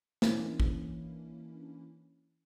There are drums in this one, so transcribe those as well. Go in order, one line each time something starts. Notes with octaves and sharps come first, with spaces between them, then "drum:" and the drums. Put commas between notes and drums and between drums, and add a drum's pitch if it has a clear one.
E3 A#3 C#4 D4 E4, drum: snare
drum: kick